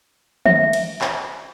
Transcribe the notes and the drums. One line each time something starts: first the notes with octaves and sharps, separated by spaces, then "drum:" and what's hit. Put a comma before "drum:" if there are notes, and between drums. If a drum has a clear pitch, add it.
E5, drum: tom D#3
drum: cymbal
drum: clap